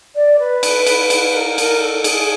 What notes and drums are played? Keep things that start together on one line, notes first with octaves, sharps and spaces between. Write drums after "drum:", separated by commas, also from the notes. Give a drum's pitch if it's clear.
D5
B4
drum: cymbal
drum: cymbal
drum: cymbal
A#4
A#4, drum: cymbal
A4
G#4, drum: cymbal